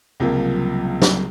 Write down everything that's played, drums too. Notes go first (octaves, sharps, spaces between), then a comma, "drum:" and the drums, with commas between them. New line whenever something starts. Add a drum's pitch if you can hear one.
C#2 C3 F3 F#3 A#3
G3
F#3
drum: snare